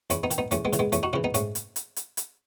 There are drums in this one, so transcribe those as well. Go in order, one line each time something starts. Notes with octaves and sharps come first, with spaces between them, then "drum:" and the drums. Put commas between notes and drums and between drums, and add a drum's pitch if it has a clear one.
E2 C#4 E4, drum: hi-hat
B3 D#4
D#3, drum: hi-hat
B3 D#4
E2 A3 C#4, drum: hi-hat
G#3 B3
C#3 E3, drum: hi-hat
G#3 B3
E2 A3 C#4, drum: hi-hat
D#4 F#4
C#3 E3 C#4 E4
B3 D#4
G#2 A3 C#4, drum: hi-hat
drum: hi-hat
drum: hi-hat
drum: hi-hat
drum: hi-hat